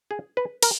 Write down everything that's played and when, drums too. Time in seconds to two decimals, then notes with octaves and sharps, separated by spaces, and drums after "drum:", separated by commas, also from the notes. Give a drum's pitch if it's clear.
0.11 G#4
0.37 B4
0.63 A#4, drum: cymbal